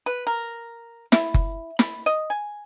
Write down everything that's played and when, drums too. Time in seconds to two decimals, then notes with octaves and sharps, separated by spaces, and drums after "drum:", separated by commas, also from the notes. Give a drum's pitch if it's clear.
0.06 B4
0.27 A#4
1.12 E4, drum: snare
1.34 drum: kick F#1
1.79 B5, drum: snare
2.06 D#5
2.30 G#5